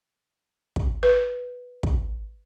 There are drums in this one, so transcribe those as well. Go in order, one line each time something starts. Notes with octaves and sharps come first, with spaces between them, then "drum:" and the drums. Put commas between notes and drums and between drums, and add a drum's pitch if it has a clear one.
drum: kick
B4
drum: kick